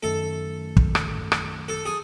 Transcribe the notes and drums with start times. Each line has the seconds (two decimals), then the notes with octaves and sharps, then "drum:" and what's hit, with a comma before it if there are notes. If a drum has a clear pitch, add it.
0.03 F#2 D#3 A3 A4
0.77 drum: kick
0.95 drum: rim click
1.32 drum: rim click
1.68 A4
1.85 G#4